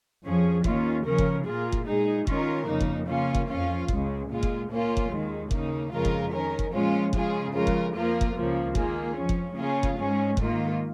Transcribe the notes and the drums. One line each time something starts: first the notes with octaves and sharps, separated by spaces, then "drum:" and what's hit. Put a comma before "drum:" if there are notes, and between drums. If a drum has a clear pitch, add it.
F2 F3 C#4 G#4
D#2 D#3 A#3 C#4 F4, drum: kick F#1
C#3 F3 C#4 A#4
drum: kick F#1
A#2 A#3 F4 G#4
drum: kick F#1
A#2 G#3 D#4 G#4
D#3 G#3 C#4 F4 A#4, drum: kick F#1
F2 C#3 A#3 D#4
drum: kick F#1
C#3 A#3 C#4 F4
drum: kick F#1
F2 F3 C#4 F4
C#2 C#3 G#3, drum: kick F#1
A#2 G#3 F4
drum: kick F#1
A#2 A#3 C#4 F4
drum: kick F#1
D#2 D#3 G#3
C#3 A#3 D#4, drum: kick F#1
F2 C#3 G#3 F4 A#4
drum: kick F#1
D#3 C#4 A#4
drum: kick F#1
A#2 F3 G#3 C#4 F4
C#3 G#3 F4 G#4, drum: kick F#1
F2 C#3 G#3 F4 A#4
drum: kick F#1
F2 F3 A#3 F4 A#4
drum: kick F#1
C#2 C#3 F3 A#3
D#3 A#3 F4 G#4, drum: kick F#1
F2 F3 C#4
drum: kick F#1
C#3 A#3 C#4 F4 G#4
drum: kick F#1
G#2 G#3 C#4 G#4
G#2 D#3 A#3 F4, drum: kick F#1